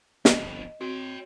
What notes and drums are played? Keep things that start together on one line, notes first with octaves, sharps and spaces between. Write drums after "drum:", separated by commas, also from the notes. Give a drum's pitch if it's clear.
G1 F2 B2 D#5, drum: snare
C4 F#4 C#5 G5